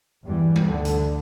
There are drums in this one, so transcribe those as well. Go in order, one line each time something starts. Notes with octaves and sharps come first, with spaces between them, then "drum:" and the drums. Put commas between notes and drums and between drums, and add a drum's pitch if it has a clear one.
E2 G2 E3 G3
drum: tom G3
D2 D3
drum: hi-hat